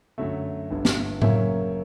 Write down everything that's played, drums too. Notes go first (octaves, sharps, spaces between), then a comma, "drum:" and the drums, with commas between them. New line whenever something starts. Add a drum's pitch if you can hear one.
F#2 D3 F#3 A3 E5
G1 G2 D3
drum: snare
F#2 C#3 F#3 A#3 C#4 E5, drum: tom A2